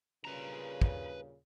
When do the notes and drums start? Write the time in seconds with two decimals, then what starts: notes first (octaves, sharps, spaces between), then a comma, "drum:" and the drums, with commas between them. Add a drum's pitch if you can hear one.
0.25 G2 A#2 C#3 B4 A#5
0.82 drum: kick